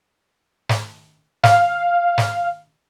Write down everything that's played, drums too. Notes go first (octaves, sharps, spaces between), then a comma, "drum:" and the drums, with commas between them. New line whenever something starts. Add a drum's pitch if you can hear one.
drum: snare
F5, drum: snare
drum: snare